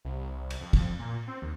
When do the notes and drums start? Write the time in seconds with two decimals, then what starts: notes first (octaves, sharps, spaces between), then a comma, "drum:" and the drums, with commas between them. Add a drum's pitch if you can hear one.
0.05 C2
0.50 drum: cymbal
0.61 F2
0.73 drum: kick, cymbal
0.99 A#2
1.28 C4
1.42 D#2